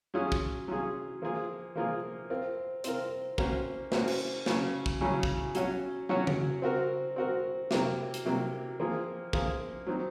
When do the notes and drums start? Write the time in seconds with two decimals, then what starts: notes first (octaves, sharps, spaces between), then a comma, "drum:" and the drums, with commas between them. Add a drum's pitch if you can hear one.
0.14 F#3 C#4 F4 G#4
0.32 drum: kick
0.68 F#3 C#4 F4 G#4
1.22 F3 A#3 F4 G#4
1.75 F3 A#3 F4 G#4
2.30 C4 F4 A#4
2.84 C4 F4 A#4, drum: hi-hat
3.38 A#3 C#4 F#4 C5, drum: kick
3.92 A#3 C#4 F#4 C5, drum: snare
4.08 drum: cymbal
4.46 C#3 F#3 C#4, drum: snare
4.86 drum: kick
5.01 C#3 F#3 C#4
5.23 drum: kick
5.55 F#3 C#4 F#4 C#5, drum: hi-hat
6.09 F#3 C#4 F#4 C#5
6.27 drum: tom C#3
6.62 C4 F#4 A#4
7.16 C4 F#4 A#4
7.71 C3 F#3 A#3, drum: snare
8.14 drum: hi-hat
8.25 C3 F#3 A#3
8.80 F3 A#3 F4 G#4
9.33 F3 A#3 F4 G#4, drum: kick
9.86 F#3 C4 D#4